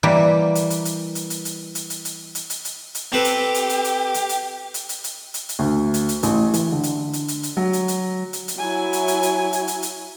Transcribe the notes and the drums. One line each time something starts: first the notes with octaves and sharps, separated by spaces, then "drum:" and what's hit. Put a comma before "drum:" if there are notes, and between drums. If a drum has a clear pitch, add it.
E3 G3 A#3
drum: hi-hat
drum: hi-hat
drum: hi-hat
drum: hi-hat
drum: hi-hat
drum: hi-hat
drum: hi-hat
drum: hi-hat
drum: hi-hat
drum: hi-hat
drum: hi-hat
drum: hi-hat
drum: hi-hat
C4 G4 A4 B4
drum: hi-hat
drum: hi-hat
drum: hi-hat
drum: hi-hat
drum: hi-hat
drum: hi-hat
drum: hi-hat
drum: hi-hat
drum: hi-hat
drum: hi-hat
drum: hi-hat
D2
drum: hi-hat
drum: hi-hat
A1, drum: hi-hat
E3, drum: hi-hat
D3
drum: hi-hat
drum: hi-hat
drum: hi-hat
drum: hi-hat
F#3
drum: hi-hat
drum: hi-hat
drum: hi-hat
drum: hi-hat
F#3 E4 G#5
drum: hi-hat
drum: hi-hat
drum: hi-hat
drum: hi-hat
drum: hi-hat
drum: hi-hat